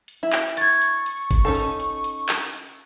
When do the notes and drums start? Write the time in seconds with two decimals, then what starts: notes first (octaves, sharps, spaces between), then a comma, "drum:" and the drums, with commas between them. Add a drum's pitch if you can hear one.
0.08 drum: hi-hat
0.23 E4
0.33 drum: clap
0.57 C#6 G#6 A6, drum: hi-hat
0.82 drum: hi-hat
1.06 drum: hi-hat
1.31 drum: kick G1, hi-hat
1.45 C#4 D#4 A4
1.55 drum: hi-hat
1.80 drum: hi-hat
2.04 drum: hi-hat
2.29 drum: clap
2.53 drum: hi-hat